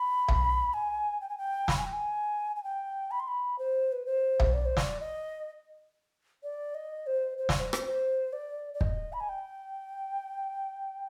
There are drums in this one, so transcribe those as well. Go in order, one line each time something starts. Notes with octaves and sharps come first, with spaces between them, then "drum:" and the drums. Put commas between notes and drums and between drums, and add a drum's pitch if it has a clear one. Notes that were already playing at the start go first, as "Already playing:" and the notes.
Already playing: B5
drum: tom B1
G#5
G5
G#5
G5
B5, drum: snare
G#5
G5
G#5
G#5
G5
B5
C6
B5
C5
B4
C5
drum: tom B1
D5
C5
D5, drum: snare
D#5
D5
D#5
C5
C5
D5, drum: snare
C5
drum: rim click
C5
D5
D5
D#5, drum: kick
B5
G#5
G5